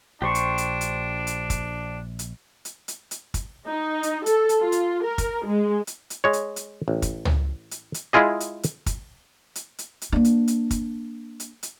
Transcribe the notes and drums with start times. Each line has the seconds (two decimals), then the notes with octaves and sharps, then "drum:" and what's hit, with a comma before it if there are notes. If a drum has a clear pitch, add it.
0.22 A#1 D4 G4 C5 C#6
0.35 drum: hi-hat
0.58 drum: hi-hat
0.81 drum: hi-hat
1.27 drum: hi-hat
1.50 drum: kick, hi-hat
2.19 drum: hi-hat
2.65 drum: hi-hat
2.88 drum: hi-hat
3.11 drum: hi-hat
3.34 drum: kick, hi-hat
3.68 D#4
4.03 drum: hi-hat
4.26 A4, drum: hi-hat
4.49 drum: hi-hat
4.62 F4
4.72 drum: hi-hat
5.04 A#4
5.18 drum: kick, hi-hat
5.45 G#3
5.87 drum: hi-hat
6.10 drum: hi-hat
6.24 G#3 C#5
6.33 drum: hi-hat
6.56 drum: hi-hat
6.88 A1
7.02 drum: kick, hi-hat
7.25 drum: tom
7.71 drum: hi-hat
7.94 drum: hi-hat
8.13 G#3 E4 F4 G#4 D#5
8.40 drum: hi-hat
8.63 drum: hi-hat
8.86 drum: kick, hi-hat
9.55 drum: hi-hat
9.78 drum: hi-hat
10.02 drum: hi-hat
10.12 A#3 D4
10.25 drum: hi-hat
10.48 drum: hi-hat
10.71 drum: kick, hi-hat
11.40 drum: hi-hat
11.63 drum: hi-hat